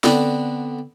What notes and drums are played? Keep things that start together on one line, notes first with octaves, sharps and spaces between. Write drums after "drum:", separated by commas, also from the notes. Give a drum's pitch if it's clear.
D3 B3 C4 D4, drum: snare